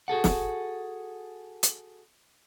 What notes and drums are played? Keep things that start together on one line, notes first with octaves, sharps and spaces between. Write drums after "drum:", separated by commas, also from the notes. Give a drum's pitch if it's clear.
F#4 G#4 A4 F#5
drum: snare
drum: hi-hat